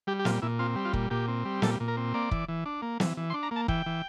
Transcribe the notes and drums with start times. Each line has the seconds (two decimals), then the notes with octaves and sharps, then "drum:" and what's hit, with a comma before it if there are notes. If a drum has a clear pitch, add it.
0.07 G3 G4
0.19 G4
0.25 A#2 F4, drum: snare
0.42 A#2 E4
0.59 C4 F4
0.76 G3
0.85 F4
0.93 A#2, drum: kick
1.10 A#2 G4
1.28 C4
1.45 G3
1.62 A#2 A4, drum: snare
1.80 A#2
1.88 A#4
1.97 C4
2.14 A#3 D5
2.31 E3, drum: kick
2.48 E3
2.66 D4
2.82 A#3
3.00 E3, drum: snare
3.17 E3
3.30 C6
3.34 D4
3.43 A#5
3.51 A#3 A5
3.68 E3 G5, drum: kick
3.86 E3